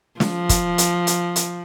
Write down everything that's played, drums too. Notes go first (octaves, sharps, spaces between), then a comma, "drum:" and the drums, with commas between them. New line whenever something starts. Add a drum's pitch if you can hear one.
F3, drum: snare
drum: kick, hi-hat
drum: hi-hat
drum: hi-hat
drum: hi-hat